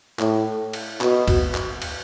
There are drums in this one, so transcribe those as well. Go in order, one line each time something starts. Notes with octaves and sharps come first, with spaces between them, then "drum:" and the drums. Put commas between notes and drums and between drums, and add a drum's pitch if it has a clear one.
A2, drum: clap
drum: cymbal
B2, drum: clap
drum: kick, cymbal
drum: clap
drum: cymbal